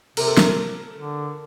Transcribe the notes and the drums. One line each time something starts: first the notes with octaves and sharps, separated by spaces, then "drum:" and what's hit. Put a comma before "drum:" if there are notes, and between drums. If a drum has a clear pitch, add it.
C3 A#4, drum: cymbal
A4
A#4, drum: snare
D3